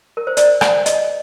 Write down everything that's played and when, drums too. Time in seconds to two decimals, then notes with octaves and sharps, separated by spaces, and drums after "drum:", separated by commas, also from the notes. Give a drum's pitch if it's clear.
0.17 A#4
0.27 C5
0.37 D5, drum: hi-hat
0.61 drum: rim click
0.86 D#5, drum: hi-hat